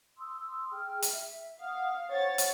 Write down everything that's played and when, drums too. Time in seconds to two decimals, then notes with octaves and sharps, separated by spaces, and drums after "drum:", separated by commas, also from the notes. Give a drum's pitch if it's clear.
0.18 C6 D#6 E6
0.72 G#4 G5 F6
1.02 drum: hi-hat
1.12 E5
1.61 F5 F#5 D#6 F6
2.11 C5 C#5 F#5 A6
2.38 drum: hi-hat